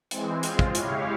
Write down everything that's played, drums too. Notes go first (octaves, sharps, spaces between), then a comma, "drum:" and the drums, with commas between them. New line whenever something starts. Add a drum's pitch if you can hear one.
E3 G#3 C4, drum: hi-hat
G#3 C4 F4, drum: hi-hat
drum: kick
G#3 E4 G4 C#5 F5, drum: hi-hat